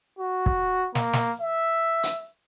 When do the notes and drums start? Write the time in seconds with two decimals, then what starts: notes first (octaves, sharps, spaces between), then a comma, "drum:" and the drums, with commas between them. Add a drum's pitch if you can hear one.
0.19 F#4
0.46 drum: kick
0.95 A#3, drum: snare
1.13 drum: snare
1.41 E5
2.03 drum: hi-hat